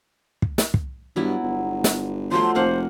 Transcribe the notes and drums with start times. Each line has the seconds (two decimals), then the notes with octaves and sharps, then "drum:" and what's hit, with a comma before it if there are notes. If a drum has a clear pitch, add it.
0.42 drum: kick
0.58 drum: snare
0.74 drum: kick
1.16 G2 F#3 B3 E4
1.43 G1
1.84 drum: snare
2.32 F3 F#3 A3 C6
2.55 F1 A#3 C5 F5 F#5